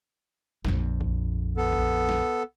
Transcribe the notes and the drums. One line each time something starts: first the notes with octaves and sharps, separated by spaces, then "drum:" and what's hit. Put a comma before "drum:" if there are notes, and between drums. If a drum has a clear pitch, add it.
A#1 F2, drum: snare
drum: kick
B3 A4
drum: kick
drum: snare